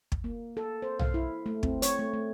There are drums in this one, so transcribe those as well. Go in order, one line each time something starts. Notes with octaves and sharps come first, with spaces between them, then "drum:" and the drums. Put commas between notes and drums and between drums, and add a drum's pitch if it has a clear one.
drum: kick
A#3
A4
C5
F5, drum: tom
E4
A3
C4, drum: kick
C#5, drum: hi-hat
A3
A3